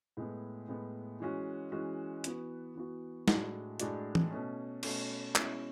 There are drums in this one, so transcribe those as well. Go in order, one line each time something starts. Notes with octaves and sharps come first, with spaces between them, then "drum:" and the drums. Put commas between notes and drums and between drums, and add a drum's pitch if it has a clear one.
A2 G#3 B3
A2 G#3 B3
E3 G#3 C#4 F#4
E3 G#3 C#4 F#4
E3 B3 F#4, drum: hi-hat
E3 B3 F#4
A2 G#3 D4 F#4, drum: snare
A2 G#3 D4 F#4, drum: hi-hat
drum: tom E3
B2 A3 C#4
B2 A3 C#4, drum: cymbal
B2 G#3 C#4 E4, drum: clap